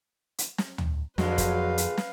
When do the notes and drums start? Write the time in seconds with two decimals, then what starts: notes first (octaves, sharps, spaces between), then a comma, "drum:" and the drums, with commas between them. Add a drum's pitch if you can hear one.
0.38 drum: hi-hat
0.58 drum: snare
0.78 drum: tom
1.18 F2 A#2 D3 F#3 G#3 B4 F5, drum: snare
1.38 drum: kick, hi-hat
1.78 drum: hi-hat
1.97 drum: snare